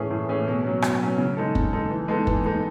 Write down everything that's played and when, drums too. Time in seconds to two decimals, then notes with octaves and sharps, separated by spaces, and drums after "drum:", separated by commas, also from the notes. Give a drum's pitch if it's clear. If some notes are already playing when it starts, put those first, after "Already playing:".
Already playing: A2 E3 A3 C#4 G#4
0.11 A2
0.29 E3 A3 C#4 G#4
0.47 B2
0.64 F#3 C#4
0.82 B2, drum: rim click
1.01 F#3 C#4
1.18 C#3
1.37 G#3 D#4 A4
1.55 C#3, drum: kick
1.73 G#3 D#4 A4
1.90 E3
2.08 G#3 B3 D#4 A4
2.27 E3, drum: kick
2.45 G#3 B3 D#4 A4